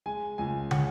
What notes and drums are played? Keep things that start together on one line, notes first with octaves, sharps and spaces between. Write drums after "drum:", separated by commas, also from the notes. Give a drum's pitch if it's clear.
G#3 G#5
C#2 G#5
C#3 F#5, drum: tom